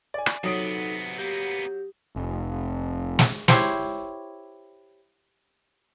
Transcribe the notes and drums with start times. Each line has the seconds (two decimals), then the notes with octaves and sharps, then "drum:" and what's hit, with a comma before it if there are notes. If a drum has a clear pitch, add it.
0.14 D5 G#5
0.26 drum: rim click
0.44 C3 F#3 B3 D#4 A4 D#6 D7
1.18 A#3 B3 G4
2.16 F1
3.19 drum: snare
3.48 E4 G4 C5 C#5, drum: snare